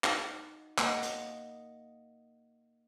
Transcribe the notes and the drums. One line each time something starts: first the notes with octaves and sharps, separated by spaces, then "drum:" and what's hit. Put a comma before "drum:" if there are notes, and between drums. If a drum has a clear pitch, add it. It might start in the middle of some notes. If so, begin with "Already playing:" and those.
D#4 F#4, drum: clap
A#3 D#5 F#5, drum: clap
drum: hi-hat